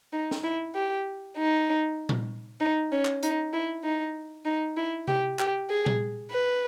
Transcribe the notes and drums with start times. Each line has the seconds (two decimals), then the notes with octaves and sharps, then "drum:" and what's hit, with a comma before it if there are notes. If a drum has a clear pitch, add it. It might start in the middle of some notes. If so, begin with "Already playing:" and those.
0.13 D#4
0.31 drum: snare
0.44 E4
0.75 G4
1.37 D#4
2.09 drum: tom A#2
2.60 D#4
2.92 C#4
3.05 drum: clap
3.23 D#4, drum: hi-hat
3.53 E4
3.84 D#4
4.45 D#4
4.77 E4
5.08 G4, drum: tom C3
5.39 G4, drum: clap
5.70 G#4
5.86 drum: tom A#2
6.31 B4